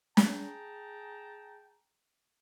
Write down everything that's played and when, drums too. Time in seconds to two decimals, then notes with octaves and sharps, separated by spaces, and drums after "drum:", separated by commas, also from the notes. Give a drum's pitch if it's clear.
0.17 G#4 G5 A5 A#5, drum: snare